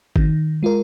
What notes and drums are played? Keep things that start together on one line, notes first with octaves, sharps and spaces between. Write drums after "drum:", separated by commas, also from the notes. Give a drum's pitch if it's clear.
D#3, drum: kick G#1
G#3 F4 A#4